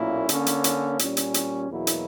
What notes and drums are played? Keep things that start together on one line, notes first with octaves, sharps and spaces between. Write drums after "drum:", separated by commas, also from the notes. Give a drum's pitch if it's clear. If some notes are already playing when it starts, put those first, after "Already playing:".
Already playing: B1 A#2 A#3 C#4 E4
D3 A#3 C#4, drum: hi-hat
drum: hi-hat
drum: hi-hat
A#2 G3 C#4, drum: hi-hat
drum: hi-hat
drum: hi-hat
E2 B2 F#3 A#3 E4
drum: hi-hat